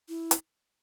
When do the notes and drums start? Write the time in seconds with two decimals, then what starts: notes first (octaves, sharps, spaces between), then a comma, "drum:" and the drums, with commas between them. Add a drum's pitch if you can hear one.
0.09 E4
0.31 drum: hi-hat